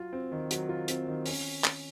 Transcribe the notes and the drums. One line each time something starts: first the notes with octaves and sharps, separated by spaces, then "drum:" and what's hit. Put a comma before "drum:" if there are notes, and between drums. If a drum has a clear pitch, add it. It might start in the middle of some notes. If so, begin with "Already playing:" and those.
Already playing: F#3 F4
C4
D#3
F#3, drum: hi-hat
F4
C4, drum: hi-hat
D#3
C#4, drum: open hi-hat
drum: clap